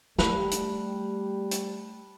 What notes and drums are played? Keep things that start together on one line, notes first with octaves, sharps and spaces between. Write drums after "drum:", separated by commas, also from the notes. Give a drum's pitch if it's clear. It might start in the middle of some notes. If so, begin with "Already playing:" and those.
G3 A3 G4 A5 B5 F#6, drum: snare
drum: hi-hat
drum: hi-hat